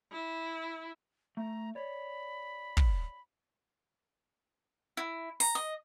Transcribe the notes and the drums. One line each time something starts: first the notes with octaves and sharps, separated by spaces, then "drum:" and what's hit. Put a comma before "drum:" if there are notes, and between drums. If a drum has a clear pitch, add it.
E4
A3 A#5
C#5 D5 B5
drum: kick
E4
A#5, drum: open hi-hat
D#5